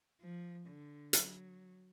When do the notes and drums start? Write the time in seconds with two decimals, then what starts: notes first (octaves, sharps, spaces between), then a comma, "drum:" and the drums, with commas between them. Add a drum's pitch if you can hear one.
0.21 F3
0.67 D3
1.13 F#3, drum: hi-hat